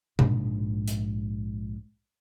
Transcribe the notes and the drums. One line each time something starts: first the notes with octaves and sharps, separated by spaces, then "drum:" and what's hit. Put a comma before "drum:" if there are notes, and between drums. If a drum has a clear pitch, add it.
A#1 G#2, drum: tom B2
drum: hi-hat